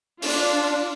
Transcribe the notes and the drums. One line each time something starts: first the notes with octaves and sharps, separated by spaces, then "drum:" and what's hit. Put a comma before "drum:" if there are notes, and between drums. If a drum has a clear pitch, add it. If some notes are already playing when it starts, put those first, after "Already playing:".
D4 F4, drum: open hi-hat